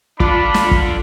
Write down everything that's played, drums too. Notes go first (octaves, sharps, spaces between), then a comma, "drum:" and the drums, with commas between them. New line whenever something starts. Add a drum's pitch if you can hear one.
D4 F4 A4 D5 B5, drum: kick
drum: snare
drum: kick